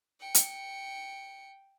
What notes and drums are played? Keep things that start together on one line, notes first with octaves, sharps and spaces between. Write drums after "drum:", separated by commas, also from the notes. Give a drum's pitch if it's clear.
G5 C#7
drum: hi-hat